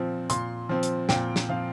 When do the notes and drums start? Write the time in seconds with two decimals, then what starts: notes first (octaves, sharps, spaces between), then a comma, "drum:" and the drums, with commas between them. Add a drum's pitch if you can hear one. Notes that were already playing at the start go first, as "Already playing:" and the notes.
Already playing: A#2 F3 C4
0.30 A#2 C6, drum: hi-hat
0.69 F3 C4
0.83 drum: hi-hat
1.09 A#2 G5, drum: snare
1.36 drum: snare
1.49 F3 C4 F5